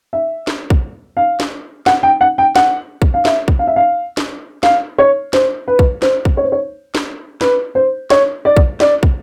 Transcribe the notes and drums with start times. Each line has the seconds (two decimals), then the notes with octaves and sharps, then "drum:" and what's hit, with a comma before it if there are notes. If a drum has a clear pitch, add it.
0.13 E5
0.47 drum: snare
0.70 drum: kick
1.17 F5
1.40 drum: snare
1.86 F#5, drum: snare
2.03 G5
2.21 F#5
2.38 G5
2.56 F#5, drum: snare
3.02 drum: kick
3.14 F5
3.25 E5, drum: snare
3.48 drum: kick
3.59 F5
3.67 E5
3.76 F5
4.17 drum: snare
4.63 F5, drum: snare
4.98 C#5
5.33 C5, drum: snare
5.68 B4
5.79 drum: kick
6.02 C5, drum: snare
6.25 drum: kick
6.37 C#5
6.44 C5
6.52 C#5
6.95 drum: snare
7.41 B4, drum: snare
7.75 C5
8.10 C#5, drum: snare
8.45 D5
8.57 drum: kick
8.80 D5, drum: snare
9.03 drum: kick